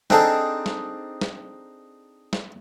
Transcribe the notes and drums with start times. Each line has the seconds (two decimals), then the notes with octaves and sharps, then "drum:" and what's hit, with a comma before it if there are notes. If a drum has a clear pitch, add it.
0.10 C4 D4 D#4 G#4 A4, drum: snare
0.66 drum: snare
1.21 drum: snare
2.33 drum: snare